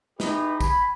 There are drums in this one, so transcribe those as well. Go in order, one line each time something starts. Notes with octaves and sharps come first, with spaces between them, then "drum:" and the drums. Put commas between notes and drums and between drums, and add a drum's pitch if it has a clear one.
D#4 E4 G4 G#4 B4, drum: snare
G#5 B5, drum: kick, tambourine